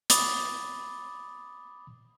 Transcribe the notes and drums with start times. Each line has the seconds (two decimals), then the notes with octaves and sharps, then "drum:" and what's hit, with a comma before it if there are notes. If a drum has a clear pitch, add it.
0.10 B5 D6 D#6 A6, drum: hi-hat